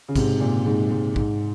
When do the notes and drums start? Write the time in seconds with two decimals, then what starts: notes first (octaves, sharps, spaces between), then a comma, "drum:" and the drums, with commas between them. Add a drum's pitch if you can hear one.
0.08 C#3
0.15 G#2 C3, drum: kick, cymbal
0.40 A#2
0.66 G#2
0.91 G#2
1.16 G#2, drum: kick